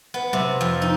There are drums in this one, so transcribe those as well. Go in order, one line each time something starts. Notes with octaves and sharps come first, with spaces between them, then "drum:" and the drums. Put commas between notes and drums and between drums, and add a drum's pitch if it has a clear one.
B3
C3, drum: tom F#3
F2
D#4